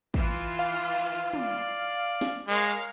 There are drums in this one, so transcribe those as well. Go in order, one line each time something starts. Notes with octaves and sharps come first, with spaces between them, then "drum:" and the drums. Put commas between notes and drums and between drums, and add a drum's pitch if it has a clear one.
E3 F4, drum: kick
F5
D5, drum: tom
drum: snare
G#3 A#4 C#5 F5, drum: open hi-hat